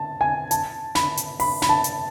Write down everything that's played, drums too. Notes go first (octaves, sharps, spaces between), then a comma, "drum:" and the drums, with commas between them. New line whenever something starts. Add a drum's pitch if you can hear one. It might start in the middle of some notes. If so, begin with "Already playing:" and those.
Already playing: A5
G#5
A5, drum: hi-hat
B5, drum: snare
drum: hi-hat
B5, drum: open hi-hat
B5, drum: snare
A5
drum: hi-hat